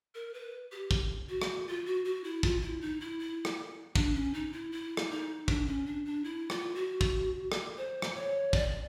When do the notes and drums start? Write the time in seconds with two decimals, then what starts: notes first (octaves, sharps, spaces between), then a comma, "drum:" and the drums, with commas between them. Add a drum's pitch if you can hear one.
0.15 A#4
0.34 B4
0.72 G4
0.91 drum: kick
1.29 F#4
1.42 drum: rim click
1.67 F4
1.86 F#4
2.05 F#4
2.24 E4
2.43 F4, drum: kick
2.62 E4
2.81 D#4
3.00 E4
3.20 E4
3.45 drum: rim click
3.95 D4, drum: kick
4.15 C#4
4.34 D#4
4.52 E4
4.72 E4
4.97 drum: rim click
5.11 D#4
5.48 D4, drum: kick
5.67 C#4
5.86 D4
6.05 D4
6.24 E4
6.50 F4, drum: rim click
6.75 F#4
7.01 drum: kick
7.52 drum: rim click
7.77 C5
8.02 drum: rim click
8.15 C#5
8.53 D5, drum: kick